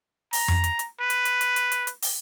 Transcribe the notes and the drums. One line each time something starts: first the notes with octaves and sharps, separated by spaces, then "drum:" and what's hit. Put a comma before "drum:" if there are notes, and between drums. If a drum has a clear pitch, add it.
A#5, drum: open hi-hat
drum: tom F2
drum: hi-hat
drum: hi-hat
B4
drum: hi-hat
drum: hi-hat
drum: hi-hat
drum: hi-hat
drum: hi-hat
drum: hi-hat
drum: open hi-hat